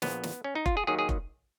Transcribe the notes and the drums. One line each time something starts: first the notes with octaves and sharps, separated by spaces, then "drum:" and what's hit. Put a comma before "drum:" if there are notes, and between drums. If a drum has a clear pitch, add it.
A#1 A#2 F3 B3, drum: snare
drum: snare
C#4
D#4
F4, drum: kick F1
G#4
D#2 D#3 F#3 G#4
G#4
drum: kick F1